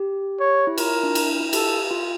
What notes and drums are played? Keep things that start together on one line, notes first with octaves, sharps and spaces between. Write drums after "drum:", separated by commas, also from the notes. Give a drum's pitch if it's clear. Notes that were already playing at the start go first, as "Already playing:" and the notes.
Already playing: G4
C#5
E4
F4 A#4, drum: cymbal
E4
D4
E4, drum: cymbal
E4
E4
G4 A4, drum: cymbal
F4